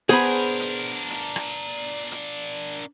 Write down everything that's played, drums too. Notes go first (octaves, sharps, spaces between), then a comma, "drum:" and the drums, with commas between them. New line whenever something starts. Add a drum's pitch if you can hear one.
B3 D4 G#4 A#4 C5 G#5 B5, drum: hi-hat
drum: hi-hat
drum: hi-hat
drum: rim click
drum: hi-hat